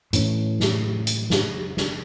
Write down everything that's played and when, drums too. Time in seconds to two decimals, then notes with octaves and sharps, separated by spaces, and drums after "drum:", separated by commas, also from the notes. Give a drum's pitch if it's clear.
0.13 A2 E3 C#4, drum: hi-hat
0.60 drum: snare
1.07 drum: hi-hat
1.30 drum: snare
1.77 drum: snare